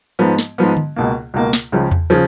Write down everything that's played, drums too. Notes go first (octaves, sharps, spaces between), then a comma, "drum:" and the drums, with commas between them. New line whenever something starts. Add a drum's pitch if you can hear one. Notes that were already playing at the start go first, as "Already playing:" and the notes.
G#2 F3 B3
drum: snare
G#2 F3 B3
drum: tom D3
C#2 B2 A#3
C#2 B2 A#3
drum: snare
C#2 C#3 F3
drum: tom E2
C#3 F3